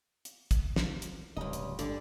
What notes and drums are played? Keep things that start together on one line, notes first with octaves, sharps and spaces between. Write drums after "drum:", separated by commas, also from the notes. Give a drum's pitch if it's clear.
drum: hi-hat
drum: kick, hi-hat
drum: snare
drum: hi-hat
D1 C#2 G3 D#5
drum: hi-hat
G1 D3 G3 D5, drum: hi-hat